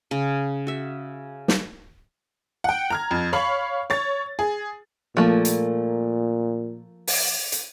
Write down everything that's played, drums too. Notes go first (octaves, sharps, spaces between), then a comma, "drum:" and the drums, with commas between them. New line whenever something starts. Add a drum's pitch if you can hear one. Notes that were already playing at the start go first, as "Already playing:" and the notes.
C#3
F#4 E5
drum: snare
F#5 G5
A#5 F6 G#6
F2
C#5 F5 B5 C#6 F#7
C#5 A6
G#4
A#2 F3 A3 A#3
drum: hi-hat
drum: open hi-hat
drum: hi-hat